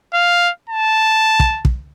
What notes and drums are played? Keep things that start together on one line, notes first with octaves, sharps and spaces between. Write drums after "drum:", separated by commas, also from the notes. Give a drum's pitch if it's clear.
F5
A5
drum: kick
drum: kick